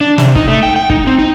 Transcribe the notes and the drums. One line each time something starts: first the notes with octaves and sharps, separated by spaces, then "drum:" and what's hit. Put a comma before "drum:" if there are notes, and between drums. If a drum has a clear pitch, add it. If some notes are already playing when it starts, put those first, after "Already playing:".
D4
C3, drum: snare
D#4, drum: kick
A3
G5
G5
D#4, drum: kick
C4
D#4